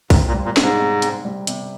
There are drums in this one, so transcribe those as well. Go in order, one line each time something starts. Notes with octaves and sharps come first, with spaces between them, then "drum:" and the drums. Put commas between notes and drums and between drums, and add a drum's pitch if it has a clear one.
G#2 C4, drum: kick, open hi-hat
A#2
G3
A#2
C3, drum: snare
G#2
C3
C4, drum: hi-hat
G3
C3, drum: hi-hat